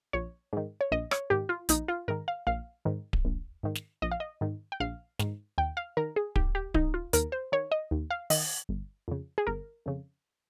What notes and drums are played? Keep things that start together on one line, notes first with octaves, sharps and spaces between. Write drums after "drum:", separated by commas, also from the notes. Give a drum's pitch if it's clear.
A#1 C#5
G#2 D#3
C#5
A#1 D#5
C#5, drum: rim click
G#2 D#3 G4
F4
A#1 D#4, drum: hi-hat
F4
G#2 D#3 A#4
F5
A#1 F5
G#2 D#3
drum: kick D1
A#1
G#2 D#3
drum: snare
A#1 D#5
F5
D#5
G#2 D#3
G5
A#1 F5
G#2 D#3, drum: snare
D#2 G5
F5
D#3 A#4
G#4
D#2 G4, drum: kick D1
G4
D#3 D#4, drum: kick D1
F4
D#2 A#4, drum: hi-hat
C5
D#3 C#5
D#5
D#2
F5
D#3 D#5, drum: open hi-hat
G1
F2 C#3
G#4
G1 A#4
F2 C#3